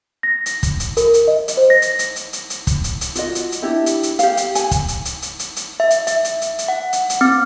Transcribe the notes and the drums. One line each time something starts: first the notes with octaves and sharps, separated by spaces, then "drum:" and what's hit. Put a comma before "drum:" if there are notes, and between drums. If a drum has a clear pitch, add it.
A#6
drum: hi-hat
drum: kick, hi-hat
drum: hi-hat
A#4, drum: hi-hat
drum: hi-hat
D#5
drum: hi-hat
C5
A#6
drum: hi-hat
drum: hi-hat
drum: hi-hat
drum: hi-hat
drum: hi-hat
drum: kick, hi-hat
drum: hi-hat
drum: hi-hat
F4 F#4 D#5, drum: hi-hat
drum: hi-hat
drum: hi-hat
D4 E4 G4 E5
drum: hi-hat
drum: hi-hat
G4 F5, drum: hi-hat
drum: hi-hat
G#5, drum: hi-hat
drum: kick, hi-hat
drum: hi-hat
drum: hi-hat
drum: hi-hat
drum: hi-hat
drum: hi-hat
E5
drum: hi-hat
E5, drum: hi-hat
drum: hi-hat
drum: hi-hat
drum: hi-hat
F#5
drum: hi-hat
drum: hi-hat
C4